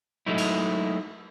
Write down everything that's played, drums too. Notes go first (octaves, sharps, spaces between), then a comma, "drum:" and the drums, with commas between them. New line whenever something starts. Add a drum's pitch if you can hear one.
F#3 G#3 A3 D#4 E4
drum: cymbal